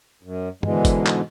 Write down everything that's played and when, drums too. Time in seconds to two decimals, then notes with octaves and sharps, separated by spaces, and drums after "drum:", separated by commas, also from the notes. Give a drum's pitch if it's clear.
0.23 F#2
0.63 G#2 B2 D3 E3 G#3, drum: tom G2
0.85 drum: kick G1, hi-hat
1.07 drum: clap